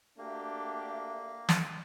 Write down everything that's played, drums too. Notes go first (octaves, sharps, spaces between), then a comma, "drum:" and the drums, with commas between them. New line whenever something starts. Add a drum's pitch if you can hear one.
A3 A#3 D4 F#4 G4 E5
drum: snare